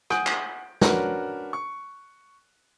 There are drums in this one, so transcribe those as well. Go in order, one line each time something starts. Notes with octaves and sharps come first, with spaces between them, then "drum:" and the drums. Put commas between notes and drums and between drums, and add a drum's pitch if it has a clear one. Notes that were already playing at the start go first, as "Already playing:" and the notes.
F#5 G#5 D#6 G6 D7, drum: rim click
drum: clap
C#4 D4 F#4 A#4 B4, drum: snare
C#6